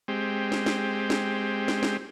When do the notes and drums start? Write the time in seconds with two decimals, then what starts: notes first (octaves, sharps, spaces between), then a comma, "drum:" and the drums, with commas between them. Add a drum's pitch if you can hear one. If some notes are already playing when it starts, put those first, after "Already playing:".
0.08 G#3 C4 G4
0.52 drum: snare
0.66 drum: snare
1.10 drum: snare
1.68 drum: snare
1.83 drum: snare